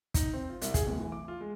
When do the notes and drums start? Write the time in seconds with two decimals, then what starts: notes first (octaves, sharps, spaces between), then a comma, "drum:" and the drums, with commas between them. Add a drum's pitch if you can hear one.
0.14 D#4, drum: kick, hi-hat
0.33 C4
0.49 F4
0.62 C2, drum: hi-hat
0.74 G#4, drum: kick, hi-hat
0.87 D1
1.00 E3
1.12 D6
1.28 F4
1.41 G#3